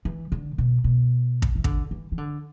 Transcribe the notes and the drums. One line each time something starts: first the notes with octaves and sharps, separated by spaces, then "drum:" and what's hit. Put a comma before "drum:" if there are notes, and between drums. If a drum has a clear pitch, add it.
E3
D3
B2
B2
drum: kick
E3
D3, drum: kick
E3
E3
D3